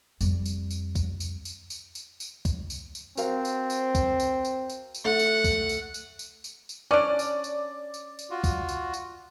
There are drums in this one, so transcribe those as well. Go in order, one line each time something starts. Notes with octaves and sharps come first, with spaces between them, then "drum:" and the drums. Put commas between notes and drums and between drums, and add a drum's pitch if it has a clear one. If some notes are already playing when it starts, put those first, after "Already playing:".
F2 G3, drum: tambourine
drum: tambourine
drum: tambourine
drum: kick, tambourine
drum: tambourine
drum: tambourine
drum: tambourine
drum: tambourine
drum: tambourine
drum: kick, tambourine
drum: tambourine
drum: tambourine
C4 F#4 A#4 F5, drum: tambourine
drum: tambourine
drum: tambourine
drum: kick, tambourine
drum: tambourine
drum: tambourine
drum: tambourine
drum: tambourine
A3 F#5
drum: tambourine
drum: kick, tambourine
drum: tambourine
drum: tambourine
drum: tambourine
drum: tambourine
drum: tambourine
C#4 D4 D5
drum: tambourine
drum: tambourine
drum: tambourine
drum: tambourine
F4 F#4
drum: kick, tambourine
drum: tambourine
drum: tambourine